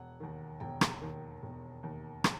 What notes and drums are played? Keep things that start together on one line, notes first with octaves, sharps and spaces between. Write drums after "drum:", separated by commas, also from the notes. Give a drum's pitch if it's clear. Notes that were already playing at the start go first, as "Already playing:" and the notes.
Already playing: E1 F#5
D#2 D#3
E1 G5
drum: rim click
D#2 D#3
E1
D#2 D#3
drum: rim click